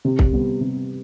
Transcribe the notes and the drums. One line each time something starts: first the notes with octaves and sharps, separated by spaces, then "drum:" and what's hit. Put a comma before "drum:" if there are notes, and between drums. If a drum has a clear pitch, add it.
C3
drum: kick C2
G3 B3
C3